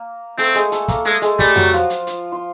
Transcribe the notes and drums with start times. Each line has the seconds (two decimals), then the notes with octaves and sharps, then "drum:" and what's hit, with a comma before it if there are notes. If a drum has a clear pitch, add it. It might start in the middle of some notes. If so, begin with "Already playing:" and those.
Already playing: A#3
0.38 A3 C4 A4, drum: hi-hat
0.55 G#3 G#4, drum: hi-hat
0.72 A3 A4, drum: hi-hat
0.88 A#3 A#4, drum: kick, hi-hat
1.05 G#3 A3 A4, drum: hi-hat
1.22 G#3 G#4, drum: hi-hat
1.39 G3 A3 G4, drum: kick, hi-hat
1.56 F#3 F#4, drum: tom F2
1.73 F3 F4, drum: hi-hat
1.90 drum: hi-hat
2.07 drum: hi-hat
2.32 F4